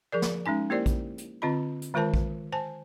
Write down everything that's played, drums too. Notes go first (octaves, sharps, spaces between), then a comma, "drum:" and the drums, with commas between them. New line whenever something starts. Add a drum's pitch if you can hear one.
F3 G#4 A#4 D5
drum: snare
G#3 C#4 D#4 G#5
A#3 E4 G4 A#4 C5 D5
drum: kick A#1, hi-hat
drum: hi-hat
D3 C4 F4 D#5 B5
drum: hi-hat
D#3 G#3 F4 A#4 C5 A5
drum: kick A#1
C5 G#5 A5